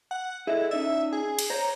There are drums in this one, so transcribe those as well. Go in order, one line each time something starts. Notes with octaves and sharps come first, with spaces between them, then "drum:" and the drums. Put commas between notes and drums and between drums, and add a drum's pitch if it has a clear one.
F#5
E4 G#4 A4 D#5
C#4 D#4 D5 E5
G#4
drum: cymbal
C5 C#5 A#5